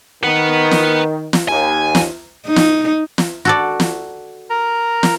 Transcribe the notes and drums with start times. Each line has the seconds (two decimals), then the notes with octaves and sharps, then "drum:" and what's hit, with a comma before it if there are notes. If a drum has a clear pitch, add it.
0.24 D#3 B4 F#5
0.71 drum: snare
1.33 drum: snare
1.48 D#2 G#5
1.95 drum: snare
2.47 D#4
2.56 drum: snare
3.18 drum: snare
3.45 F#4 A4 D5
3.80 drum: snare
4.50 A#4 A#5
5.03 drum: snare